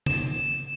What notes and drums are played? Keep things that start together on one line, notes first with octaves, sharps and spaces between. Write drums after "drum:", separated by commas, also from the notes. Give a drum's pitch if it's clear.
E7, drum: tom C#3